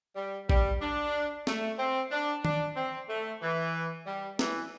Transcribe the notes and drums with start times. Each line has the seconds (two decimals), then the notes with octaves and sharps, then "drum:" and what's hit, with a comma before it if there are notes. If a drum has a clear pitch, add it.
0.16 G3
0.50 G3, drum: kick
0.82 D4
1.47 A3, drum: snare
1.79 C4
2.12 D4
2.45 D4, drum: tom D#3
2.76 C4
3.09 A3
3.42 E3
4.06 G3
4.39 E3, drum: snare